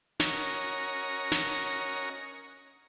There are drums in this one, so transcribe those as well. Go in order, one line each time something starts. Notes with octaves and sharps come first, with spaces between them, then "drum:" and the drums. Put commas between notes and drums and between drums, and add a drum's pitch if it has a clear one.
C#4 F#4 A#4 C#5 D#5 A#5, drum: snare
drum: snare